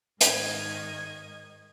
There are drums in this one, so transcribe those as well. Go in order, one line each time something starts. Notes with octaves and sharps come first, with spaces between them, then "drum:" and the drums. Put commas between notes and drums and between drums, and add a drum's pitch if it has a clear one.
G#2 D#3 D#5 G#6, drum: hi-hat